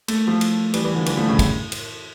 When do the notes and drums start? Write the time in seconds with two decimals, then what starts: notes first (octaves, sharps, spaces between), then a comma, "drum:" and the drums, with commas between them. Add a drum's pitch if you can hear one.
0.08 A3, drum: cymbal
0.27 F3 A3
0.41 drum: cymbal
0.74 E3 G3, drum: cymbal
0.84 E3 G3
0.95 D3 F3
1.06 E3 G3, drum: cymbal
1.17 F3 A3
1.28 A2 C#3
1.39 drum: kick, cymbal
1.72 drum: cymbal